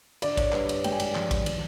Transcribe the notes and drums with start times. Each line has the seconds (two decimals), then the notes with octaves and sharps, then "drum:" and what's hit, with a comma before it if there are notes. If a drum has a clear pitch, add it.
0.22 D3 D5, drum: cymbal
0.37 C#5, drum: kick, cymbal
0.53 G2 B4, drum: clap
0.69 C#5, drum: cymbal
0.84 G#3 G5, drum: cymbal
0.92 G#5
1.00 G5, drum: cymbal
1.15 F3, drum: clap
1.31 drum: kick, cymbal
1.46 F3, drum: cymbal